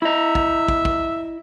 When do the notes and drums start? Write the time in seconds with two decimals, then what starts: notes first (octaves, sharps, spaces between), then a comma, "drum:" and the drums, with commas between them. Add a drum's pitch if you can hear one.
0.02 E4 D#5 E5
0.35 drum: kick
0.68 drum: kick
0.85 drum: kick